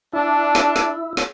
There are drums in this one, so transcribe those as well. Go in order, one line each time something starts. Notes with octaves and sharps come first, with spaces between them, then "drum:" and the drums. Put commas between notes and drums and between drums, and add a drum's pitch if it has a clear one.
D4 E4
drum: snare
drum: snare
drum: snare